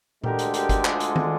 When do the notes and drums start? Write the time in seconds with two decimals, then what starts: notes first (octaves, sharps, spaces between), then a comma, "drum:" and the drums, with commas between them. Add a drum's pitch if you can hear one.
0.24 D2 D3 G#3 G4 A#4, drum: tom A#2
0.39 drum: hi-hat
0.54 G4 A#4, drum: hi-hat
0.69 drum: kick G1, hi-hat
0.85 F4 G#4, drum: clap
1.00 drum: hi-hat
1.16 drum: tom